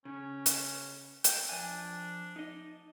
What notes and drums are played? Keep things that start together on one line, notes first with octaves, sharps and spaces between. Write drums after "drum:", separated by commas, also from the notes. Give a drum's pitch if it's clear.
C#3 C#4
drum: hi-hat
G5, drum: hi-hat
F2 D4 E5 G#5
D#4 D#5